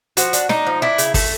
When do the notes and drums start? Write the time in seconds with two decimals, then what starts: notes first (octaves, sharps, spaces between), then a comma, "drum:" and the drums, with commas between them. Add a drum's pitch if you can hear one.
0.17 F3 F#4, drum: hi-hat
0.33 D4, drum: hi-hat
0.49 D4 D#4, drum: snare
0.67 F3
0.82 D4 E4
0.98 C#3, drum: hi-hat
1.14 A3 A4, drum: kick, open hi-hat